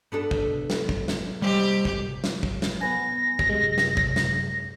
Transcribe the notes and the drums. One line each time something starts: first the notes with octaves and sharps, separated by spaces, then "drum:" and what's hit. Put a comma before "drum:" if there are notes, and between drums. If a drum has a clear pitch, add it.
B3 D4 A4
drum: kick
drum: snare
drum: kick
drum: snare
G3 G4 C5 D#5
drum: kick
drum: snare
drum: kick
drum: snare
B3 B4 G#5 A#6
drum: kick
F#2 C3 G#3
drum: snare
drum: kick
drum: snare